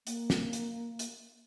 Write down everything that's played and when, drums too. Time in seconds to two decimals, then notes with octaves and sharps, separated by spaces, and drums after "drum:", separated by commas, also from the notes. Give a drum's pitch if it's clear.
0.07 A#3, drum: hi-hat
0.30 drum: snare
0.53 drum: hi-hat
0.99 drum: hi-hat